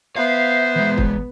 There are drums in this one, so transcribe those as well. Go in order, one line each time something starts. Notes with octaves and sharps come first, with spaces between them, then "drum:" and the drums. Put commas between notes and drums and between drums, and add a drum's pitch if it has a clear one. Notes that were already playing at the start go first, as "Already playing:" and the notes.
B3 C5 E5 F5
E3 G#3
drum: kick